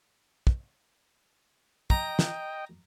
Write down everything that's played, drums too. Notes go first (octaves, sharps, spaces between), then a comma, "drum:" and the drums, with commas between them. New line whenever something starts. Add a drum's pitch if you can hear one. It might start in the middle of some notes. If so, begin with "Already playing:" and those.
drum: kick
D#5 G5 A#5, drum: kick
drum: snare